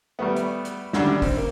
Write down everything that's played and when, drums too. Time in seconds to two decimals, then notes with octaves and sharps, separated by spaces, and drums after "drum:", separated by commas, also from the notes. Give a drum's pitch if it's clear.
0.19 G3 A3 B3
0.36 drum: hi-hat
0.65 drum: hi-hat
0.93 F#2 D3 G3 D4, drum: snare
1.22 C4, drum: kick, open hi-hat
1.37 A#3